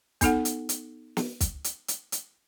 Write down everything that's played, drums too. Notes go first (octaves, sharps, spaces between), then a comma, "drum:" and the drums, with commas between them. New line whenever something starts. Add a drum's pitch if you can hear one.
B3 D#4 A4 F#5, drum: kick, hi-hat
drum: hi-hat
drum: hi-hat
drum: snare
drum: kick, hi-hat
drum: hi-hat
drum: hi-hat
drum: hi-hat